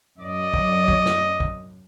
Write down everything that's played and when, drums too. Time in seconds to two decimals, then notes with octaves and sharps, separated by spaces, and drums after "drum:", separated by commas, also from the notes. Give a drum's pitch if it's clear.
0.19 F#2 D5 D#5
0.54 drum: kick
0.88 drum: kick
1.06 drum: snare
1.40 drum: kick